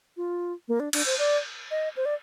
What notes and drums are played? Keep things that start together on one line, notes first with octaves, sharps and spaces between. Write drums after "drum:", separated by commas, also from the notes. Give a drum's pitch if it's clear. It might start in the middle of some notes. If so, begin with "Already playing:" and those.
F4
A#3
D4
D4, drum: cymbal
C5
D5
D#5
C5
D5